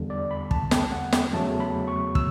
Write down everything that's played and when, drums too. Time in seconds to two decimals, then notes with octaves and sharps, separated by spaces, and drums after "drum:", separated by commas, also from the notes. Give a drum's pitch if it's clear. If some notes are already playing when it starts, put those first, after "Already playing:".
Already playing: E2 D3 G3
0.10 D5
0.31 B5
0.51 A5, drum: kick
0.71 G5, drum: snare
0.92 F#5
1.12 G5, drum: snare
1.33 E2 C#3 F#3 A3 A5
1.60 B5
1.88 C#6
2.15 E6, drum: kick